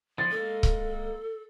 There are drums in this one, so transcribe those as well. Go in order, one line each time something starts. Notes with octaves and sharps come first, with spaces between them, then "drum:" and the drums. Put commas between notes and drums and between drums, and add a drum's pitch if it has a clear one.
F3 A6
G#3 A#3 A4
drum: kick C#1